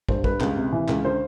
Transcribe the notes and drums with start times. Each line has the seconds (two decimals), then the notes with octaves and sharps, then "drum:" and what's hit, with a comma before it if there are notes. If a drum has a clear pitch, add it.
0.09 G2 C5, drum: kick
0.24 G2 B4, drum: kick
0.41 C#2, drum: clap
0.57 C3
0.72 E3
0.89 C#2, drum: clap
1.05 D3 C5